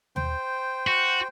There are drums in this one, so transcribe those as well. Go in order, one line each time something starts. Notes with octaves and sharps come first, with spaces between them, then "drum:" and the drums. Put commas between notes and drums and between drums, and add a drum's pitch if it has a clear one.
C5 G5, drum: tom D#2
F#4